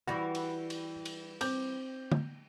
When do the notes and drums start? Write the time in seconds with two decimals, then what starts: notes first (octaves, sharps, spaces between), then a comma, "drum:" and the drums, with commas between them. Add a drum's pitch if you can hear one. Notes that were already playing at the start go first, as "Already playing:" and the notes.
0.08 E3 G3 F#4 A#6
0.35 drum: cymbal
0.70 drum: cymbal
1.05 drum: cymbal
1.41 C4 D6 G6, drum: cymbal
2.12 drum: tom D3